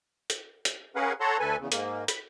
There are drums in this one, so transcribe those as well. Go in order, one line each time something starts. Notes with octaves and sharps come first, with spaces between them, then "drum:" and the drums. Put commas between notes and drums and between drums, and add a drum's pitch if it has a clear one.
drum: hi-hat
drum: hi-hat
C#4 G#4 A#4 B4 F5 F#5
A4 C#5 F#5 A5 A#5 C6
D2 A4 B4 G#5
E2 C#3
G#2 A#3, drum: hi-hat
B5, drum: hi-hat